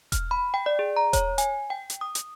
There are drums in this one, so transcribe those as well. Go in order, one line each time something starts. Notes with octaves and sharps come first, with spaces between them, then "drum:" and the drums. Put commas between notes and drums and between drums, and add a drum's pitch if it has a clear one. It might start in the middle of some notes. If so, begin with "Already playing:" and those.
F6, drum: kick E1, hi-hat
B5
G5
D5
G#4
A#5
C#5, drum: kick E1, hi-hat
G#5, drum: hi-hat
G5
drum: hi-hat
D#6
drum: hi-hat